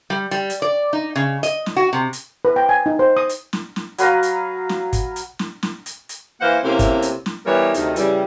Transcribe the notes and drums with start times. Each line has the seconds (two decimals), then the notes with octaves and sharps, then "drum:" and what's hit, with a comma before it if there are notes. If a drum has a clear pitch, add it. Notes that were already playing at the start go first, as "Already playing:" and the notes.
0.10 G3
0.31 G3
0.50 drum: hi-hat
0.62 D5
0.93 D#4
1.16 C#3
1.43 D#5, drum: hi-hat
1.66 drum: snare
1.76 F#4
1.93 C3
2.13 drum: hi-hat
2.45 B4
2.56 G5
2.69 G#5
2.86 D#4
2.99 C5
3.17 D#6
3.29 drum: hi-hat
3.53 drum: snare
3.76 drum: snare
3.98 F#3 B4 F5 A#5, drum: hi-hat
4.23 drum: hi-hat
4.69 drum: snare
4.93 drum: kick, hi-hat
5.16 drum: hi-hat
5.39 drum: snare
5.63 drum: snare
5.86 drum: hi-hat
6.09 drum: hi-hat
6.40 E3 A#3 C5 F5 F#5
6.62 C3 A3 A#3 C#4 E4
6.79 drum: kick, hi-hat
7.02 drum: hi-hat
7.26 drum: snare
7.44 E3 G3 B3 A#4 C#5
7.74 D2 C3 D#3 D#4, drum: hi-hat
7.96 C#3 E3 G3, drum: hi-hat